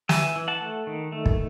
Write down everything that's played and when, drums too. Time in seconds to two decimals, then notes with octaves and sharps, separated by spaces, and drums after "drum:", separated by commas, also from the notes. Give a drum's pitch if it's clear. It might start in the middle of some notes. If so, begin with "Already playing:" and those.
0.09 E3 E5 G#5, drum: snare
0.36 E3
0.48 F#5 A5
0.61 A3
0.87 D#3
1.12 A3
1.26 drum: kick